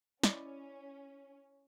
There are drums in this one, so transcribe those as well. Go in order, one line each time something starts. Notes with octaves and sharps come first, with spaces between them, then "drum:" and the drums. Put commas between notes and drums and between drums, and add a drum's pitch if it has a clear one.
C#4 E4 D5 D#5, drum: snare